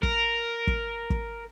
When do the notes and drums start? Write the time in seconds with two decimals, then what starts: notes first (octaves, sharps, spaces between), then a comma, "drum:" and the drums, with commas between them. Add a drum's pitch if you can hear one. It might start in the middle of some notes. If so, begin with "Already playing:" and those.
0.03 A#4, drum: kick
0.67 drum: kick
1.10 drum: kick